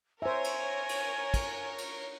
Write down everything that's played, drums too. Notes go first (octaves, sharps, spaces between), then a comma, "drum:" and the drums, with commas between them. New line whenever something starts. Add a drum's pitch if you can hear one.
A#4 C5 C#5 E5 G#5
drum: cymbal
drum: cymbal
drum: kick, cymbal
drum: cymbal